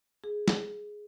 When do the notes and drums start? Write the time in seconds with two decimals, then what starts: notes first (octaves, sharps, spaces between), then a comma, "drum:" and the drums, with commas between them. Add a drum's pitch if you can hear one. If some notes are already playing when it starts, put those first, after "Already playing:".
0.24 G#4
0.48 drum: snare